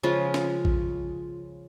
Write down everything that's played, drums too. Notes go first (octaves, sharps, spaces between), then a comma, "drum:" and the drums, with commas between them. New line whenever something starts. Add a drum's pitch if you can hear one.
C#3 F3 G#3 F4
drum: snare
drum: kick A#1